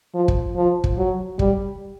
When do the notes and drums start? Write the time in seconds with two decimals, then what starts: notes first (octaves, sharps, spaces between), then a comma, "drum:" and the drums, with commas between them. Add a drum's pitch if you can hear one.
0.15 F3
0.28 drum: kick
0.56 F3
0.84 drum: kick
0.98 F#3
1.39 G3, drum: kick